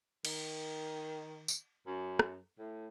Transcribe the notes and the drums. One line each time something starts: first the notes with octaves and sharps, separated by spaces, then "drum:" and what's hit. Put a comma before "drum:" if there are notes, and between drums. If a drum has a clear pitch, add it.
D#3, drum: cymbal
drum: tambourine
F#2
drum: rim click
A2